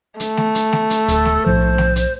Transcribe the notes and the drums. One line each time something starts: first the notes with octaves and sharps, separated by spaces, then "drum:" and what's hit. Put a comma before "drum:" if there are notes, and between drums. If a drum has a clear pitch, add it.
A3, drum: hi-hat
drum: snare A3
drum: hi-hat
drum: snare A3
drum: hi-hat
D1 A4, drum: hi-hat
drum: snare A3
B1 A2 F3 C5
drum: snare A3
drum: hi-hat